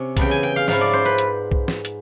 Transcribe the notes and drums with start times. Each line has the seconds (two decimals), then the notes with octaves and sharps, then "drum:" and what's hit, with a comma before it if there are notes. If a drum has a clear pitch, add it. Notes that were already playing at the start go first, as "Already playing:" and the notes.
Already playing: C3 C#4
0.17 E2 C#3 E3 A3 G5, drum: kick B1, hi-hat
0.31 G#5
0.43 G5
0.56 F5
0.68 G#2 F3 A3 C#4 E4 F5, drum: snare
0.81 D5
0.93 C5
1.05 B4
1.18 drum: hi-hat
1.52 drum: kick B1
1.68 drum: snare
1.85 drum: hi-hat